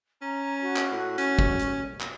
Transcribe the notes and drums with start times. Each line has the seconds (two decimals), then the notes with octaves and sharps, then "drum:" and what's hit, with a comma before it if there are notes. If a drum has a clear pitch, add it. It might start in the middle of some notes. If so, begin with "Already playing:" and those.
0.22 C#4 A#5
0.61 F#4
0.76 drum: clap
0.92 A2
1.18 C#4, drum: hi-hat
1.39 drum: kick
1.59 drum: hi-hat
2.01 drum: clap